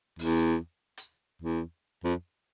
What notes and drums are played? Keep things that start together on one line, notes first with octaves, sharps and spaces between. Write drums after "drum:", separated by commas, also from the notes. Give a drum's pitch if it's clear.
E2, drum: open hi-hat
drum: hi-hat
E2
F2